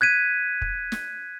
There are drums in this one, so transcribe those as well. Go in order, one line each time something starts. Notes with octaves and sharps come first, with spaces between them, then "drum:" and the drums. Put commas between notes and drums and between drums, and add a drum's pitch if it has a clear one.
F#6 G#6 B6 D#7
drum: kick
drum: snare